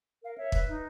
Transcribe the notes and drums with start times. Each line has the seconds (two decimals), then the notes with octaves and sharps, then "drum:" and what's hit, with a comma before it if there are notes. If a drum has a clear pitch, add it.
0.23 A#4 F5
0.38 C#5 E5
0.52 B4, drum: kick
0.67 D#4